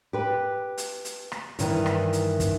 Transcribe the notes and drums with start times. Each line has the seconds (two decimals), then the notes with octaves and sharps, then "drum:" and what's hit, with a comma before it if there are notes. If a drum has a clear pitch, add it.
0.13 G4 B4
0.78 drum: hi-hat
1.05 drum: hi-hat
1.32 drum: rim click
1.59 G2 D#3 E3, drum: hi-hat
1.86 drum: rim click
2.13 drum: hi-hat
2.40 drum: kick, hi-hat